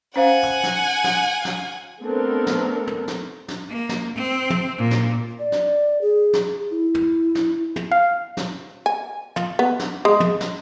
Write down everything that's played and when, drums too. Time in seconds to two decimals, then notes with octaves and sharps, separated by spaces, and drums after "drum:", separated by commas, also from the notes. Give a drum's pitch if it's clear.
0.16 C#4 C5 F5 F#5 G#5
0.43 drum: tom
0.63 drum: snare
1.04 drum: snare
1.45 drum: snare
2.02 A3 B3 C4 D4 A4 A#4
2.47 drum: snare
2.87 drum: tom
3.08 drum: snare
3.48 drum: snare
3.69 A#3
3.89 drum: snare
4.16 C4
4.50 drum: tom
4.78 A#2
4.91 drum: snare
5.39 D5
5.52 drum: snare
6.01 G#4
6.33 drum: snare
6.71 E4
6.94 drum: tom
7.35 drum: snare
7.76 drum: tom
7.92 F5
8.37 drum: snare
8.86 G#5
9.36 F4, drum: tom
9.59 B3
9.79 drum: snare
10.05 G#3
10.20 drum: tom
10.40 drum: snare